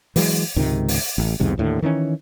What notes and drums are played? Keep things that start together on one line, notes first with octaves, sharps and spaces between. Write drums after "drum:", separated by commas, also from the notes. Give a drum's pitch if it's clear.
E3 F#3 G#3, drum: open hi-hat
C#2 G#2 C3 D#3
drum: open hi-hat
A1
B1 E2 G#2 C3
D#2 A2 D3
D#3 E3 C4 C#4